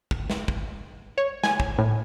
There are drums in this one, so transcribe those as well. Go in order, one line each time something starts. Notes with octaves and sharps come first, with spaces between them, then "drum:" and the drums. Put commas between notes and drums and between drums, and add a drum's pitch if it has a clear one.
drum: kick
drum: snare
drum: kick
C#5
G#5, drum: snare
drum: kick
A2